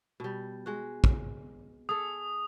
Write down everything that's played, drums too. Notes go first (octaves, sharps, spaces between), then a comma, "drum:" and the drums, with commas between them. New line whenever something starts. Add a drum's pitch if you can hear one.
B2 G3
G#3 F#4
drum: kick
G#4 A4 D#6